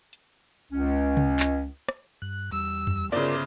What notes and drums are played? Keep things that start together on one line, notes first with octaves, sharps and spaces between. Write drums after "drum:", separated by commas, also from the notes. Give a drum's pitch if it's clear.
drum: hi-hat
C#2 C#4
drum: tom C3
drum: clap
drum: rim click
G2 F#6
E2 G3 E6
drum: tom F2
G1 C#3 F4 A#4 C5 D5 D6